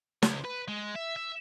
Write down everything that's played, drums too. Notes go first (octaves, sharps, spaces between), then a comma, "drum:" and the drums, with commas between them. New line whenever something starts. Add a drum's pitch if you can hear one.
C#2, drum: snare
B4
G#3
E5
E5